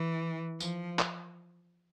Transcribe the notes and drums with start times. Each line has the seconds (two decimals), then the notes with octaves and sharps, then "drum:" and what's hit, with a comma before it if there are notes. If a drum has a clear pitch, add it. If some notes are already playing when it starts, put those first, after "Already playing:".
Already playing: E3
0.60 F3, drum: tambourine
0.99 drum: clap